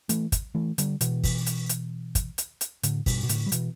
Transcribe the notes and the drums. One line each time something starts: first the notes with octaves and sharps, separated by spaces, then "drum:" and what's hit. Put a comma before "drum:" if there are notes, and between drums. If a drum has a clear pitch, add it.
E3 A3, drum: hi-hat
drum: kick, hi-hat
E3 A3
D3 G3, drum: hi-hat
B2 E3, drum: hi-hat
drum: kick, open hi-hat
drum: hi-hat
drum: hi-hat
drum: kick, hi-hat
drum: hi-hat
drum: hi-hat
A2 D3, drum: hi-hat
G2 B2, drum: kick, open hi-hat
B2
A2 D3, drum: hi-hat
G3
B2 E3, drum: hi-hat